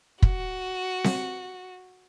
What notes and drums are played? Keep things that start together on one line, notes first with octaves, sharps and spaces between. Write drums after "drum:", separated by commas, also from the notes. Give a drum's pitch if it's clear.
F#4, drum: kick
drum: snare C4